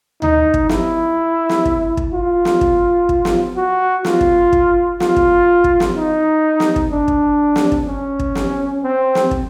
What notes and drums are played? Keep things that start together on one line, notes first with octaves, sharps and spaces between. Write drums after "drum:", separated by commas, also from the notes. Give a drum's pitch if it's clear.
D#4, drum: tom D2
drum: kick
E4, drum: snare
drum: snare
drum: kick
drum: kick
F4
drum: snare
drum: kick
drum: kick
drum: snare
F#4
F4, drum: snare
drum: kick
drum: kick
F4, drum: snare
drum: kick
drum: kick
drum: snare
D#4
drum: snare
drum: kick
D4
drum: kick
drum: snare
drum: kick
C#4
drum: kick
drum: snare
C4
drum: snare
drum: kick